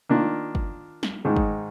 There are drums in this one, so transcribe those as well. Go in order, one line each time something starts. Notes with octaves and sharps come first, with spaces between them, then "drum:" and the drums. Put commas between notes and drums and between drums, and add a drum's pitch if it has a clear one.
D#3 A#3 D4 F4
drum: kick
drum: snare
G#2 D#3 G#3 D#4
drum: kick